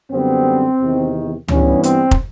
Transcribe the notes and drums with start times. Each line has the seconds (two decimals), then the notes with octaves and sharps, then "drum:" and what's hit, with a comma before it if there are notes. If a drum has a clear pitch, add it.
0.11 F#2 D3 G3 B3 C4
0.79 E2 C3 D#3
1.48 G2 E3 G3 B3 C#4, drum: tom C#2
1.83 C4, drum: hi-hat
2.11 drum: kick